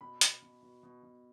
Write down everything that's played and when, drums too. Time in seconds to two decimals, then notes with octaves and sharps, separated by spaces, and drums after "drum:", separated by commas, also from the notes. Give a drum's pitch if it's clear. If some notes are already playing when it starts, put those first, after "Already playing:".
0.01 B2 B5
0.21 B2, drum: hi-hat
0.42 B2
0.62 B2
0.83 B2
1.03 B2